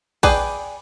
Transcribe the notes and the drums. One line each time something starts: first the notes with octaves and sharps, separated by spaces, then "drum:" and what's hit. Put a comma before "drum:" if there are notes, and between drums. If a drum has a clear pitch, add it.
G#4 B4 D5 G5, drum: kick, cymbal